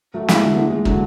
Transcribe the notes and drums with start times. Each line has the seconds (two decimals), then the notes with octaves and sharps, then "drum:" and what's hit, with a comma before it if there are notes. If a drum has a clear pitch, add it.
0.14 F#3 A3
0.28 E3 G#3, drum: snare
0.42 D3 F#3
0.57 E3 G#3
0.70 E3 G#3
0.85 D3 F#3, drum: kick